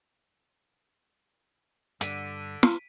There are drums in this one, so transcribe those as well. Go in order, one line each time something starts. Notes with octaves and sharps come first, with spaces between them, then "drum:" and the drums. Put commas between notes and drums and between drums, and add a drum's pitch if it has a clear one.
G2 D3 B6 D7 D#7, drum: hi-hat
drum: snare